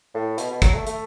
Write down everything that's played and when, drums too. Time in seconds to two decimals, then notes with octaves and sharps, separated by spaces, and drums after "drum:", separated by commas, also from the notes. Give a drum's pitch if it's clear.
0.14 A2
0.38 B2, drum: hi-hat
0.51 B2
0.62 F#3, drum: kick, hi-hat
0.74 A3
0.87 A3, drum: hi-hat